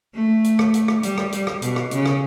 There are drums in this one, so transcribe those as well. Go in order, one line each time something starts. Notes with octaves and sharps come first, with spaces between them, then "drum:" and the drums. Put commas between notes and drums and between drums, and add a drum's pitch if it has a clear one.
A3
drum: hi-hat
drum: rim click
drum: hi-hat
drum: rim click
G3, drum: hi-hat
drum: rim click
G3, drum: hi-hat
drum: rim click
B2, drum: hi-hat
drum: rim click
C#3, drum: hi-hat
drum: rim click